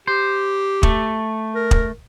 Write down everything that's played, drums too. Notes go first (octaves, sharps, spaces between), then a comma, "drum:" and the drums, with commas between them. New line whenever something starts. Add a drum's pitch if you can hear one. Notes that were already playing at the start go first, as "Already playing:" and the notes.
G4 C5
A3, drum: kick
A#4
drum: kick